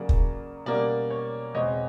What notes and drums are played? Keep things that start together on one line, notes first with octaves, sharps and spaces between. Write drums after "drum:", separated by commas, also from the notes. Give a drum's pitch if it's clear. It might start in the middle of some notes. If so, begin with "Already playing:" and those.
Already playing: C#3 F#3 A#3 D5
drum: kick
B2 G3 A#3 C#4 D5
C#5
E2 B2 G#3 C4 C#5 D#5